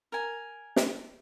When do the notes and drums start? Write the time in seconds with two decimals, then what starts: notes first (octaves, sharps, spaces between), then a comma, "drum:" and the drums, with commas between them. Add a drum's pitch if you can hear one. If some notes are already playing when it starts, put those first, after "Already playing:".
0.12 A#4 G#5
0.76 drum: snare